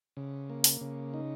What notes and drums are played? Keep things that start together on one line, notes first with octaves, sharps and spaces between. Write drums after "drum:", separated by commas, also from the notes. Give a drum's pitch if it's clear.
C#3
A#3
drum: open hi-hat
C#3
D#4